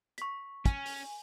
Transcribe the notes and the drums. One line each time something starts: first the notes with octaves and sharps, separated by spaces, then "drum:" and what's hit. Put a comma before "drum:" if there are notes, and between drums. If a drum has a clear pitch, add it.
C#6 B6, drum: hi-hat
C#4 G#5, drum: kick, hi-hat
drum: open hi-hat